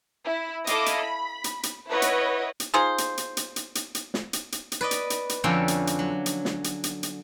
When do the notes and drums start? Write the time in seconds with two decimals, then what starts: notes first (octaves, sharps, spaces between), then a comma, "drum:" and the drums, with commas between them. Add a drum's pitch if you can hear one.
0.25 E4
0.67 E4 A4 D#5 F5 D6, drum: hi-hat
0.86 drum: hi-hat
1.01 B5
1.44 drum: hi-hat
1.63 drum: hi-hat
1.89 E4 B4 C#5 D#5 F#5
2.02 drum: hi-hat
2.60 drum: hi-hat
2.74 D#4 F4 G#4 C5
2.98 drum: hi-hat
3.18 drum: hi-hat
3.37 drum: hi-hat
3.56 drum: hi-hat
3.75 drum: hi-hat
3.95 drum: hi-hat
4.14 drum: snare
4.33 drum: hi-hat
4.52 drum: hi-hat
4.72 drum: hi-hat
4.81 B4 D5 D#5
4.91 drum: hi-hat
5.10 drum: hi-hat
5.29 drum: hi-hat
5.44 F2 D3 C#4 F#4 D5 G5
5.68 drum: hi-hat
5.87 drum: hi-hat
5.99 F#3
6.26 drum: hi-hat
6.45 drum: snare
6.64 drum: hi-hat
6.84 drum: hi-hat
7.03 drum: hi-hat